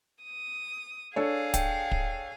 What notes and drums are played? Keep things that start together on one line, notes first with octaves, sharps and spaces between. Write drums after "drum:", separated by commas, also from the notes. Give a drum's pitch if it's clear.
D#6
D4 G#4 A4 C#5 F5
G5, drum: kick, hi-hat
drum: kick